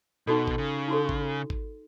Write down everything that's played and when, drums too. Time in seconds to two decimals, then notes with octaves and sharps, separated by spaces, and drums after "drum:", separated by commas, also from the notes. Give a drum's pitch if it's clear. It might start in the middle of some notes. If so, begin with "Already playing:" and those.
0.27 B2 D#4 F#4 A4
0.48 drum: kick G#1
0.58 C#3
0.88 D#4 F#4 A4
1.09 drum: kick G#1
1.50 drum: kick G#1